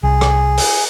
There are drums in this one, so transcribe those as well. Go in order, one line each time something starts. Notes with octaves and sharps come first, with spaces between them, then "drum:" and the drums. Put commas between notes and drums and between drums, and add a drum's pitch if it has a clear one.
C2 G#4
drum: rim click
drum: open hi-hat